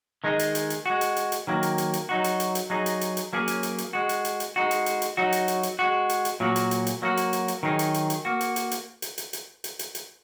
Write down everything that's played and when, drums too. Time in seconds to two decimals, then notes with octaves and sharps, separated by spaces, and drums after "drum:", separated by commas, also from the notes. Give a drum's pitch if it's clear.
0.24 D#3 G#3 D#4 G#4
0.39 drum: hi-hat
0.55 drum: hi-hat
0.70 drum: hi-hat
0.86 G#3 F#4
1.01 drum: hi-hat
1.16 drum: hi-hat
1.32 drum: hi-hat
1.47 D#3 F#3 A#3
1.63 drum: hi-hat
1.78 drum: hi-hat
1.93 drum: hi-hat
2.09 F#3 D#4 F#4
2.24 drum: hi-hat
2.40 drum: hi-hat
2.55 drum: hi-hat
2.70 F#3 D#4 G#4
2.86 drum: hi-hat
3.01 drum: hi-hat
3.17 drum: hi-hat
3.33 F#3 A#3 C#4 G#4
3.48 drum: hi-hat
3.63 drum: hi-hat
3.78 drum: hi-hat
3.93 G#3 F#4
4.09 drum: hi-hat
4.25 drum: hi-hat
4.40 drum: hi-hat
4.56 G#3 D#4 F#4
4.71 drum: hi-hat
4.86 drum: hi-hat
5.02 drum: hi-hat
5.17 F#3 D#4 F#4
5.32 drum: hi-hat
5.48 drum: hi-hat
5.63 drum: hi-hat
5.79 G#3 F#4
6.09 drum: hi-hat
6.25 drum: hi-hat
6.40 A#2 F#3 A#3 F#4
6.56 drum: hi-hat
6.71 drum: hi-hat
6.87 drum: hi-hat
7.02 F#3 A#3 F#4
7.17 drum: hi-hat
7.33 drum: hi-hat
7.48 drum: hi-hat
7.63 D#3 F#3 D#4 G#4
7.79 drum: hi-hat
7.94 drum: hi-hat
8.10 drum: hi-hat
8.25 A#3 F#4
8.41 drum: hi-hat
8.56 drum: hi-hat
8.71 drum: hi-hat
9.02 drum: hi-hat
9.18 drum: hi-hat
9.33 drum: hi-hat
9.64 drum: hi-hat
9.79 drum: hi-hat
9.95 drum: hi-hat